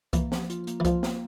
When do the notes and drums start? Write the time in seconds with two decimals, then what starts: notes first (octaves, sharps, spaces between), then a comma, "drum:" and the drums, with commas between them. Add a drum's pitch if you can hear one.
0.13 E3 A#3, drum: kick C2, hi-hat
0.32 F3, drum: snare
0.50 F4, drum: hi-hat
0.67 A#3, drum: hi-hat
0.80 E3
0.85 F3 F4, drum: kick C2, hi-hat
1.03 A#3, drum: snare